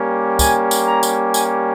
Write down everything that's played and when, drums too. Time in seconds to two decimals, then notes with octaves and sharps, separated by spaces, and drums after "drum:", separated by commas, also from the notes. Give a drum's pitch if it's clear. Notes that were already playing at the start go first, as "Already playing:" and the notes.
Already playing: G3 A#3 C#4 G4
0.39 G#5, drum: kick, tambourine
0.71 drum: tambourine
0.87 A#5
1.03 drum: tambourine
1.34 G#5, drum: tambourine